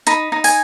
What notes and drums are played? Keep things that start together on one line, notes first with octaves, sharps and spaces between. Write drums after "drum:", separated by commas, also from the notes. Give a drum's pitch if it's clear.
D#4 B5, drum: hi-hat
D#4
G#5, drum: open hi-hat